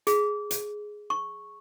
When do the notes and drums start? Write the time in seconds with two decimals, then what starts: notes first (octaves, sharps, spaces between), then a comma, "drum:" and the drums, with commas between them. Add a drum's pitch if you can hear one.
0.07 G#4, drum: hi-hat
0.51 drum: hi-hat
1.10 C#6